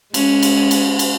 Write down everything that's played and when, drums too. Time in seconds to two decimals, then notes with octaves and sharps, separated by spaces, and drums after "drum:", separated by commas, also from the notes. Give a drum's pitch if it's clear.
0.14 G#3 C#4, drum: cymbal
0.43 drum: cymbal
0.71 drum: cymbal
0.99 drum: cymbal